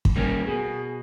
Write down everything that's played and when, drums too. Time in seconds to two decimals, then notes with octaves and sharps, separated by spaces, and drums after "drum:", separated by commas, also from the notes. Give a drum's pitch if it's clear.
0.05 drum: kick
0.16 G3 A#3 C#4
0.48 B2 G#4